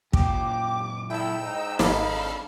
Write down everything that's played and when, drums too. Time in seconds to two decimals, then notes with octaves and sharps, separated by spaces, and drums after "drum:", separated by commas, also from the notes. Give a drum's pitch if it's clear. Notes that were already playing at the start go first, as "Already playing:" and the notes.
0.13 F#2 A#2 G4 D6, drum: kick
1.10 E4 A4 G5 E6
1.42 G#2 D#4
1.79 G#1 A4 F5 B5, drum: snare
2.11 C4 D4